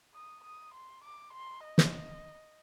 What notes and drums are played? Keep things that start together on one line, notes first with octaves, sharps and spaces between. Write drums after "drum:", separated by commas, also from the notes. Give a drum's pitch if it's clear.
D#6
D#6
C6
D6
C6
D#5
drum: snare